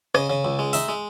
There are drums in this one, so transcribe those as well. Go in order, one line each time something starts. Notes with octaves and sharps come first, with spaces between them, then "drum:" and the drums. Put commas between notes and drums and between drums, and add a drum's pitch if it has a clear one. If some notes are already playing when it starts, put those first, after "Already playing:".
C#3 D#5, drum: rim click
C#3
C#2
G#3
D#4 E5, drum: open hi-hat
G#3